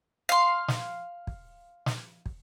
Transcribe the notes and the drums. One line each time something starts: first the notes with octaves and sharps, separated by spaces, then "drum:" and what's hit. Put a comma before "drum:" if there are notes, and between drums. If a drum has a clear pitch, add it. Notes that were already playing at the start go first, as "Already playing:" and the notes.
F5 C6
drum: snare
drum: kick
drum: snare
drum: kick